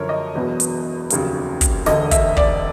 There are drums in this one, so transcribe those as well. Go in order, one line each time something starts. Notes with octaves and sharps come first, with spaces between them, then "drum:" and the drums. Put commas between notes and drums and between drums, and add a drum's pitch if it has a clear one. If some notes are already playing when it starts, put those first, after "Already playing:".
Already playing: F#2 D3 F3 A#4 C#5
D#5
E1 E2 B2 F#3 B3
drum: hi-hat
F1 D#2 C#3 F#3, drum: hi-hat
drum: kick, hi-hat
E1 D2 D3 D#5, drum: snare
E5, drum: kick, hi-hat
D5, drum: kick